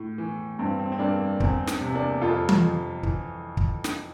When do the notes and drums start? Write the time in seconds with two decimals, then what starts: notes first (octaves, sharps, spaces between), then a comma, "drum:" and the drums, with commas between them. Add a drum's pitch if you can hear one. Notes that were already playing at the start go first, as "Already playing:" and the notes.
Already playing: A2
0.18 E3
0.59 G2 C4
0.79 C4
0.92 C4
0.99 G2 A#3 D4
1.20 A#3
1.40 E2 C4, drum: kick
1.67 drum: snare
1.81 C3
1.94 A#3 D4
2.21 F2 F4 A4
2.49 drum: tom E3
2.62 F2
3.03 E3, drum: kick
3.57 drum: kick
3.84 drum: snare